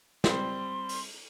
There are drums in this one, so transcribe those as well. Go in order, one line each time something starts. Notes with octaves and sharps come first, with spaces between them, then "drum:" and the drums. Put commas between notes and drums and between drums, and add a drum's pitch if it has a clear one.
G3 C4 C6, drum: snare
drum: open hi-hat